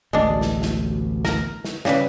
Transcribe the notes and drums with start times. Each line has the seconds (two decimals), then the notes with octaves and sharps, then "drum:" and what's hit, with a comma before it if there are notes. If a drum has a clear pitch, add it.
0.13 A1 D2 B2 G#3 D4
0.41 drum: snare
0.62 drum: snare
1.25 A#4 A#5, drum: snare
1.65 drum: snare
1.85 C#3 G3 B4, drum: snare